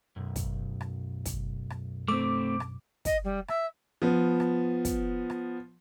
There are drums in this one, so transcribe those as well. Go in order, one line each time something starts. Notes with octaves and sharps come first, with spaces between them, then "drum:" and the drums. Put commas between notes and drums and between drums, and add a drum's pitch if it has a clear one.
B1 F#2
drum: kick, hi-hat
drum: rim click
drum: kick, hi-hat
drum: rim click
A3 C4 D6
drum: rim click
D#5, drum: kick, hi-hat
G3
E5, drum: rim click
F3 B3
drum: rim click
drum: kick, hi-hat
drum: rim click